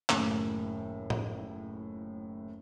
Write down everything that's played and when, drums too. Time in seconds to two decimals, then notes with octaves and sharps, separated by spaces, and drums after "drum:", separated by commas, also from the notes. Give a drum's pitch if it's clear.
0.09 F#1 D#2 A2, drum: clap
1.10 drum: tom A2